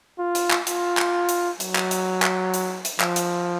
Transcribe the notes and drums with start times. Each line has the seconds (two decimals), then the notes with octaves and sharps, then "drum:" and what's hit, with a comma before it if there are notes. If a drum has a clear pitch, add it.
0.19 F4
0.35 drum: hi-hat
0.51 drum: clap
0.67 F4, drum: hi-hat
0.97 drum: clap
1.29 drum: hi-hat
1.60 F#3, drum: hi-hat
1.76 drum: clap
1.91 drum: hi-hat
2.22 drum: clap
2.54 drum: hi-hat
2.85 drum: hi-hat
3.00 F3, drum: clap
3.16 drum: hi-hat